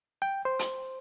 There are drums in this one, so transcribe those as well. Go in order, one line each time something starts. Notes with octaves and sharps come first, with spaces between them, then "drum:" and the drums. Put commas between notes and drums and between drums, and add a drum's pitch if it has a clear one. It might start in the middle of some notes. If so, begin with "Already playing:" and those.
G5
C5
drum: hi-hat